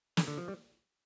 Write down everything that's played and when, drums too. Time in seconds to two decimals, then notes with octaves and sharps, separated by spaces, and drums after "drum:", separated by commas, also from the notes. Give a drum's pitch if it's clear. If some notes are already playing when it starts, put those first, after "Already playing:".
0.17 D3, drum: snare
0.27 D3
0.37 F3
0.48 G3